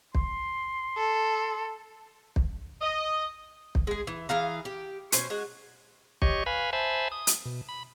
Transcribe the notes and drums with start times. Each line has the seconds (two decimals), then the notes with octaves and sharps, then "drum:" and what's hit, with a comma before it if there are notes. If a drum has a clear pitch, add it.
0.15 C6, drum: kick
0.97 A4
2.36 drum: kick
2.81 D#5
3.75 drum: kick
3.87 G#3 G#4
4.07 E3
4.29 E3 G#4 F5 A#5
4.65 G4
5.12 B2 C#4 C5 G#5, drum: hi-hat
5.30 G#3 F#4
6.22 G4 C#5 D#5 C#6, drum: kick
6.46 B4 F5 G#5 B5
6.73 C5 E5 G#5 A5 B5
7.12 D#6
7.27 drum: hi-hat
7.46 B2
7.69 B5